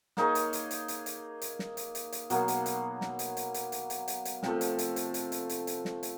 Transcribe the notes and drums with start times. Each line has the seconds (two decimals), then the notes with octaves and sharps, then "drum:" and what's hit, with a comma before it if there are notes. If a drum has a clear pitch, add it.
0.17 A#3 D#4 G#4 C#5, drum: snare
0.35 drum: hi-hat
0.53 drum: hi-hat
0.71 drum: hi-hat
0.88 drum: hi-hat
1.06 drum: hi-hat
1.42 drum: hi-hat
1.59 drum: snare
1.77 drum: hi-hat
1.95 drum: hi-hat
2.12 drum: hi-hat
2.30 B2 F#3 A#3, drum: hi-hat
2.48 drum: hi-hat
2.66 drum: hi-hat
3.01 drum: snare
3.19 drum: hi-hat
3.37 drum: hi-hat
3.54 drum: hi-hat
3.72 drum: hi-hat
3.90 drum: hi-hat
4.08 drum: hi-hat
4.25 drum: hi-hat
4.43 C3 F3 A3, drum: snare
4.61 drum: hi-hat
4.79 drum: hi-hat
4.96 drum: hi-hat
5.14 drum: hi-hat
5.32 drum: hi-hat
5.49 drum: hi-hat
5.67 drum: hi-hat
5.85 drum: snare
6.03 drum: hi-hat